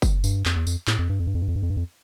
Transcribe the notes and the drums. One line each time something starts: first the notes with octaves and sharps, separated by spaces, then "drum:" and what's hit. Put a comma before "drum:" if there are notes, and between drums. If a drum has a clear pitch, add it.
drum: kick F#1, tambourine
G2, drum: tambourine
F2, drum: clap
E2
F2, drum: tambourine
A2, drum: clap
F2
G2
F2
G2
F2
G2
F2
G2
F2
G2
F2